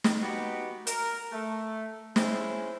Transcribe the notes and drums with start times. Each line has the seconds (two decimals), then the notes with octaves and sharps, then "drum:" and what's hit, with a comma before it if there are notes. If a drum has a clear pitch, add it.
0.04 drum: snare
0.22 B3 D#4 F#4 G4
0.87 A#4, drum: hi-hat
1.32 A3
2.16 G#3 C#4 E4 C5 E5, drum: snare